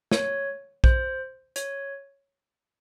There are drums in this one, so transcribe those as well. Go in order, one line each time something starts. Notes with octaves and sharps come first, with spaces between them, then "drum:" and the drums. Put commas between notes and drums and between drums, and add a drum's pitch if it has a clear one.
C#5, drum: snare
C5, drum: kick A#1
C#5, drum: hi-hat